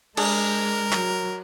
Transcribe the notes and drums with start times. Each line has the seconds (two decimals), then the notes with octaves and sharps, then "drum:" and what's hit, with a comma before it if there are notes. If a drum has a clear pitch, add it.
0.17 G#3 D4 G#4 A#4, drum: cymbal
0.93 F#3, drum: clap